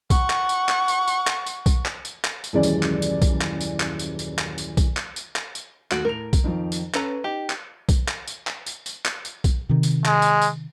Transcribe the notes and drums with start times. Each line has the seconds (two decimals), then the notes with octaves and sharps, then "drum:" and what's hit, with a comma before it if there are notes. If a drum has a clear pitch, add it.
0.10 F#5 C#6, drum: kick B1, tambourine
0.30 drum: clap
0.49 drum: tambourine
0.69 drum: clap
0.88 drum: tambourine
1.08 drum: tambourine
1.27 drum: clap
1.46 drum: tambourine
1.66 drum: kick B1, tambourine
1.85 drum: clap
2.05 drum: tambourine
2.24 drum: clap
2.44 drum: tambourine
2.53 D#1 F#2 E3 G#3 C#4 D5
2.63 drum: tambourine
2.83 drum: clap
3.02 drum: tambourine
3.22 drum: kick B1, tambourine
3.41 drum: clap
3.61 drum: tambourine
3.80 drum: clap
3.99 drum: tambourine
4.19 drum: tambourine
4.38 drum: clap
4.58 drum: tambourine
4.77 drum: kick B1, tambourine
4.97 drum: clap
5.16 drum: tambourine
5.36 drum: clap
5.55 drum: tambourine
5.91 D#2 A3 F#4 D7, drum: clap
6.05 A2 A#4 F7
6.33 drum: kick B1, tambourine
6.44 F2 D#3 F3
6.72 drum: tambourine
6.94 C#4 A4 B4 A#5, drum: clap
7.24 D#4 G4
7.50 drum: clap
7.89 drum: kick B1, tambourine
8.08 drum: clap
8.28 drum: tambourine
8.47 drum: clap
8.66 drum: tambourine
8.86 drum: tambourine
9.05 drum: clap
9.25 drum: tambourine
9.44 drum: kick B1, tambourine
9.69 C3 D#3
9.83 drum: tambourine
10.05 G#3, drum: clap
10.22 drum: tambourine
10.42 drum: tambourine